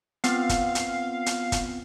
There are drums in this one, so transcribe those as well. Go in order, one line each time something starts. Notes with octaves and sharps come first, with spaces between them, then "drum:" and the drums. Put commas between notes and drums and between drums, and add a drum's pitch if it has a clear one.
B3 C4 F4 F5, drum: hi-hat
drum: kick, hi-hat
drum: hi-hat
drum: hi-hat
drum: kick, hi-hat